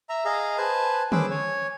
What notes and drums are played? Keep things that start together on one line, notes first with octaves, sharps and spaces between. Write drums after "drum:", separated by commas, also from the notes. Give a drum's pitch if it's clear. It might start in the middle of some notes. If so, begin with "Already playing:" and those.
E5 A#5
G#4 D#5 F5 A#5
B4 C5 G#5 A5
C#4 G#4 B4 C5 D6 E6, drum: tom D3
C#5 G#5